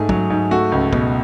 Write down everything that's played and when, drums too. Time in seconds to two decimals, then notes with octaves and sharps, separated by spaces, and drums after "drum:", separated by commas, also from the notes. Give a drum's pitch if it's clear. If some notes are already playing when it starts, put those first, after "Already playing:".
Already playing: G#2 A3 G#4
0.09 F#3, drum: kick
0.30 G#2
0.51 A3 F#4
0.72 C#2
0.93 B2, drum: kick